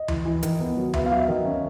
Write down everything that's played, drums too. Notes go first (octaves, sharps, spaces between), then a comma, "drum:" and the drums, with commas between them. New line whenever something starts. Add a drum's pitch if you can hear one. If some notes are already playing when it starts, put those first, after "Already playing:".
Already playing: D#5
E3, drum: tom D2
E3
D#3, drum: hi-hat
B3
F#3
B3 E5, drum: tom D2
F5
F#3
E5
D#3
C#4